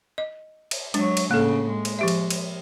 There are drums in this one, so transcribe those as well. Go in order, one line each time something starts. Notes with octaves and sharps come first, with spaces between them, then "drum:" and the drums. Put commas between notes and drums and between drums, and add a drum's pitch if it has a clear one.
D#5
drum: cymbal
F#3 G#3 D4 C#5, drum: cymbal
drum: cymbal
A2 C#3 A#3 A4
G#3
drum: cymbal
F3 G4 E5
drum: cymbal
drum: cymbal